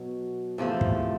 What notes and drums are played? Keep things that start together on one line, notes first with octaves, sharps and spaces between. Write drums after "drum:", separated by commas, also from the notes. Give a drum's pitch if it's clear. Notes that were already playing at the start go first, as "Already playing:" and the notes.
Already playing: B2 F#3
E2 C3 F3 A3
drum: kick